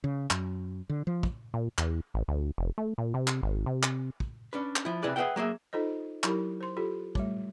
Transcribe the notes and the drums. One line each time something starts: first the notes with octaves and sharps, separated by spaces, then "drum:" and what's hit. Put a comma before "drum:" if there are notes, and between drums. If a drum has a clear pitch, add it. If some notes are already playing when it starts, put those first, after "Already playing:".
C#3
F#2, drum: clap
D3
F3
drum: kick
A#2
E2, drum: clap
A1
D2
F1
A3
A#2
C3
drum: clap
G#1
C3
drum: clap
drum: kick
C#4 D4 B4
drum: clap
F3 E4
C3 E4 G#4 B4 D5
G#4 B4 C5 E5 F#5 G5
F#3 A#3 G#4 E5
D#4 F4 A4 C5 D#5
F#3 E4 G4 A#4 B5, drum: clap
C5 C6
F4 G4 A4
G3 A3, drum: kick